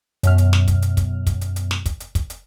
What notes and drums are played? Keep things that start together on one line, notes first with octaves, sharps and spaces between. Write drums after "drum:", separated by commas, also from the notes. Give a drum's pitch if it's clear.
F#2 B2 F6, drum: hi-hat
drum: hi-hat
drum: snare
drum: kick, hi-hat
drum: hi-hat
drum: kick, hi-hat
drum: kick, hi-hat
drum: hi-hat
drum: hi-hat
drum: snare
drum: kick, hi-hat
drum: hi-hat
drum: kick, hi-hat
drum: hi-hat